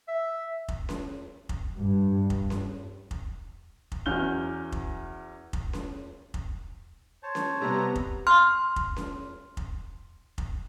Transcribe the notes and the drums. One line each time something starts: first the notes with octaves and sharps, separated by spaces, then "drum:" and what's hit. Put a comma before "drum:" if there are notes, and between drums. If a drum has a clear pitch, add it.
E5
drum: kick F1
drum: snare C#4
drum: kick F1
G2
drum: kick F1
drum: snare C#4
drum: kick F1
drum: kick F1
E2 F#3 C#4 F6 G6 G7
drum: kick F1
drum: kick F1
drum: snare C#4
drum: kick F1
C5 C#5 A5
drum: snare C#4
C3 G3 B3 A#5
drum: kick F1
C6 F6
drum: kick F1
drum: snare C#4
drum: kick F1
drum: kick F1